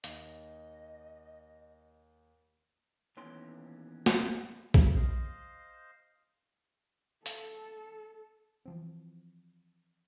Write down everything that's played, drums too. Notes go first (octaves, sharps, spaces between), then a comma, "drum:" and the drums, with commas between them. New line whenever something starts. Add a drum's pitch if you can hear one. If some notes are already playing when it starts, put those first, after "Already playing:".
D#2 D#5, drum: hi-hat
D#2 B2 E3 C#4 C6
drum: snare
drum: kick A#1
C5 D#5 F5
A4, drum: hi-hat
E3 F3 C4